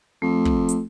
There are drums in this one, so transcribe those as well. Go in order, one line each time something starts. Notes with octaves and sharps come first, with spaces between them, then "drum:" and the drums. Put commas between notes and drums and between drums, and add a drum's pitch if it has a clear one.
F2 A3
drum: kick
drum: hi-hat